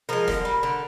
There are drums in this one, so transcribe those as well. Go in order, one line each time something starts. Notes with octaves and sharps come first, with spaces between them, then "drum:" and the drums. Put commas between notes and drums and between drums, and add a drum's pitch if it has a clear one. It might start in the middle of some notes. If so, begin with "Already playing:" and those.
F3 G#3 A#4
D3, drum: snare
G3
D3